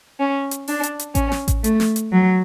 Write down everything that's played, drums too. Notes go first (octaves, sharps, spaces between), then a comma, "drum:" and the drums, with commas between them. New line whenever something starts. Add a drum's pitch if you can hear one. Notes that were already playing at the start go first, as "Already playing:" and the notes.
C#4
drum: hi-hat
D4, drum: open hi-hat
drum: hi-hat
drum: hi-hat
C#4, drum: kick A1, hi-hat
drum: snare
drum: kick A1, hi-hat
A3, drum: hi-hat
drum: snare
drum: hi-hat
F#3